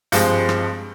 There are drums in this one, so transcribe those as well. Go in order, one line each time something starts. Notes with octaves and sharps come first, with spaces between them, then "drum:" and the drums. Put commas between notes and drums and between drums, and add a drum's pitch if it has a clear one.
G2 F3 G#3 C4, drum: hi-hat
drum: rim click